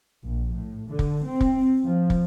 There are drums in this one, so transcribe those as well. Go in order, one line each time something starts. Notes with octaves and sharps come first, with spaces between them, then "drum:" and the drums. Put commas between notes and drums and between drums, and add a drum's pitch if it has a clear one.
A#1
A2
D3
drum: kick
C4
drum: kick
F3
drum: kick